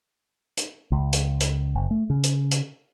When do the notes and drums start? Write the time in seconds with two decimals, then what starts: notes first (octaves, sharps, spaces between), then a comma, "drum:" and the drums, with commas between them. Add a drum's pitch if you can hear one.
0.57 drum: hi-hat
0.92 C#2
1.13 drum: hi-hat
1.40 drum: hi-hat
1.75 F#1
1.91 A3
2.10 C#3
2.24 drum: hi-hat
2.51 drum: hi-hat